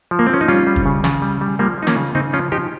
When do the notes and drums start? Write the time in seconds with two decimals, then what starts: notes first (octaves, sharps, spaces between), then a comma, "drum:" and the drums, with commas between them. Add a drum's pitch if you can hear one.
0.11 F3
0.19 A#3
0.27 C4
0.30 F3 C#4
0.41 D#4
0.48 G3 C#4 F4
0.67 G3
0.76 drum: kick
0.86 C#3
1.04 C#3, drum: snare
1.22 G3
1.41 G3
1.59 F3 G3 A#3
1.78 F3 D#4
1.87 A#3 C#4, drum: snare
1.96 C#3
2.15 C#3 C4 D#4
2.33 F3 C#4 F4
2.52 F3 D#4 G4